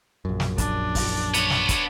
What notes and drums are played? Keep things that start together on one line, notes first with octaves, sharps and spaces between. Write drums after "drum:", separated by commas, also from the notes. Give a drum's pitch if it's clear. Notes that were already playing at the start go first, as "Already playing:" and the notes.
A#1 F#2
drum: snare
D4, drum: kick, hi-hat
drum: kick, open hi-hat
B3 C#5, drum: hi-hat
drum: snare
drum: kick, hi-hat